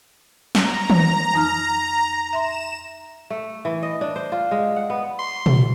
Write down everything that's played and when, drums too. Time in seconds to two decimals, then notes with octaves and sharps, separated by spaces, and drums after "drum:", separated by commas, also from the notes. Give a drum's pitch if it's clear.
0.55 A#5, drum: snare
0.90 drum: tom
1.34 F2 D#4 F6
2.33 E5 C6 A#6 E7
3.30 A3
3.65 E3
3.83 D#5
4.01 D4
4.16 C5
4.32 F4
4.51 G#3
4.76 F#5
4.90 B3
5.19 C6
5.46 drum: tom